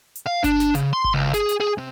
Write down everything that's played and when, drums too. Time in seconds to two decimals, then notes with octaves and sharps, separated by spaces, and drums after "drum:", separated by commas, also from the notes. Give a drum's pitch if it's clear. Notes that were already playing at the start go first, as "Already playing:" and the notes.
0.15 drum: hi-hat
0.27 F5
0.44 D4, drum: kick G1, hi-hat
0.60 drum: snare
0.75 C#3, drum: hi-hat
0.93 C6
1.04 drum: kick G1
1.14 C#2
1.34 G#4, drum: hi-hat
1.49 drum: hi-hat
1.60 G#4
1.78 C3